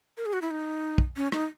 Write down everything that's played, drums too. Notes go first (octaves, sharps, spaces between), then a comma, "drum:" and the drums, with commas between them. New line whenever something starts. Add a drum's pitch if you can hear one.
A#4
G#4
F#4
E4
D#4
drum: kick
C#4
D#4, drum: rim click